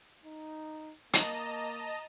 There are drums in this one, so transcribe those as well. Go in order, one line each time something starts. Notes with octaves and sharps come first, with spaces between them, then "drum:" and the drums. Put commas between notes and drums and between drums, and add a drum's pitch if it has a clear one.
D#4
A#3 D#5 A5 A#5, drum: hi-hat